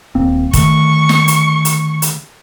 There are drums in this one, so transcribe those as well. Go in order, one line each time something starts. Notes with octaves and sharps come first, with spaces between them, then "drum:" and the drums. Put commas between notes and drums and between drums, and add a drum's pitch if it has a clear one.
D#1 A#3 C4
D3 D#3 A3 C#6, drum: kick F1, hi-hat
drum: snare
drum: hi-hat
drum: hi-hat
drum: hi-hat